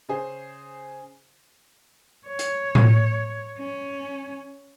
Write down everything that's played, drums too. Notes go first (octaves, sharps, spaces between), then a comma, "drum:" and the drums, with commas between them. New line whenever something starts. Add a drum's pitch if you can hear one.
C#3 G#4 C5
C#5
drum: hi-hat
drum: tom A2
C#4